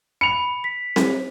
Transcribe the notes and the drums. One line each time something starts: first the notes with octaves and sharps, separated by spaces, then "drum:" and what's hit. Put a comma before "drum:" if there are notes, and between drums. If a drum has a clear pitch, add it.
B5 C#7 F7
B6
drum: snare C4